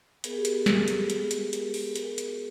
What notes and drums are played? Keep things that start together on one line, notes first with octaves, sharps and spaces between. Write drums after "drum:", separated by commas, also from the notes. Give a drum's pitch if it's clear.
B3 G#4 A#4, drum: hi-hat
G4 A4
F#4 G4 A4, drum: hi-hat
G4
B3 G#4 A#4, drum: snare
B3 G4 A4, drum: hi-hat
G#3 F#4 G#4, drum: hi-hat
G4 A4
G#3 G#4 A#4, drum: hi-hat
G4 A4
G#3 G4, drum: hi-hat
G#3 F#4 G#4, drum: open hi-hat
B3 G#4 A#4, drum: hi-hat
B3, drum: hi-hat